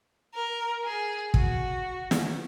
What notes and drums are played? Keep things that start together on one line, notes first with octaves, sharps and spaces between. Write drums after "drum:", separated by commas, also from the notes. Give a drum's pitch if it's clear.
A#4
G#4
F#4, drum: kick
drum: snare